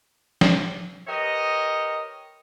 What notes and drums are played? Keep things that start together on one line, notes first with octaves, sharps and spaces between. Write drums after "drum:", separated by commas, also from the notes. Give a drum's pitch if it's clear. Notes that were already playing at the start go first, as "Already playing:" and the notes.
drum: snare
G4 A#4 B4 C#5 D#5